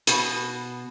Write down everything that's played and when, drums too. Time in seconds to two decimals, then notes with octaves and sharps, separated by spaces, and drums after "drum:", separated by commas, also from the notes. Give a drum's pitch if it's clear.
0.07 B2, drum: hi-hat